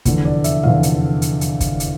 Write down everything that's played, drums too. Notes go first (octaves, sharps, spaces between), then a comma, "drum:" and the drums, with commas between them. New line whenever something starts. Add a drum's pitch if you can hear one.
F1 E2 D3, drum: kick, hi-hat
D5
E5, drum: hi-hat
F1 E2 D3 F5
drum: hi-hat
drum: hi-hat
drum: hi-hat
drum: kick, hi-hat
drum: hi-hat